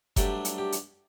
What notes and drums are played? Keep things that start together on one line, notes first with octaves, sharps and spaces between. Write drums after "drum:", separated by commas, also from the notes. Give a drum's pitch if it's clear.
G2 F#3 A3 D4 G4, drum: kick F#1, hi-hat
drum: hi-hat
G4
drum: hi-hat